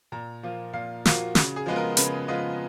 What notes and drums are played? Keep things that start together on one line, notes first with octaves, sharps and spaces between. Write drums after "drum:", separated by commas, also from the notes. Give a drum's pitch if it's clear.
A#2 A#5
F3 A#3 F4
A#2 F5
F3 A#3 F4 F#4, drum: snare
C#3 F#4, drum: snare
G#4
F3 G#3 B3 F4
A#4
C#3 B4, drum: hi-hat
F3 G#3 B3 F4 D#5